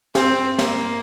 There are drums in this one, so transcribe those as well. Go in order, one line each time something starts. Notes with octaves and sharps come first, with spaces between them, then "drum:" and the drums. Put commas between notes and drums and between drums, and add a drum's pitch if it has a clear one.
C4, drum: snare
A#3, drum: snare